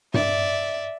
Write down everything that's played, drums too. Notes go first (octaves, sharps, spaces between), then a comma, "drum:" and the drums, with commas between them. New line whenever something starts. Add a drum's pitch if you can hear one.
D5 E5, drum: tom G2